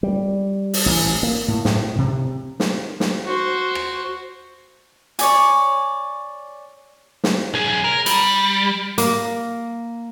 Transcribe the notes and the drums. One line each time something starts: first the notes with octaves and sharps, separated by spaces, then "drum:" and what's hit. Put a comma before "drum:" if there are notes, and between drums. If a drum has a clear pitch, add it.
G3
drum: open hi-hat
A1
A#3
A2
A2, drum: snare
C3
drum: snare
drum: snare
F#4 C5
drum: rim click
C#5 D5 G#5, drum: hi-hat
drum: snare
B1 G#4
A#4
G3, drum: hi-hat
A#3, drum: hi-hat